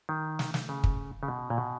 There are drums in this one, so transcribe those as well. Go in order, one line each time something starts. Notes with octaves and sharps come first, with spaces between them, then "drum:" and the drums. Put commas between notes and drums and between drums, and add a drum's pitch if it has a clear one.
D#3
drum: snare
drum: snare
C#3
drum: kick
C#3
B2
A#2
B2